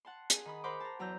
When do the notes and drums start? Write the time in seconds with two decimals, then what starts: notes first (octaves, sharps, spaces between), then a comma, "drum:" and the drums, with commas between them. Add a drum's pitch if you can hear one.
0.05 F#5 A5 C6
0.30 G#4, drum: hi-hat
0.45 D#3 B5 D#6
0.64 A#4 C5 F#5 B5 C6 D6
0.80 A5 A#5
0.99 E2 F#3 A#5 E6 G6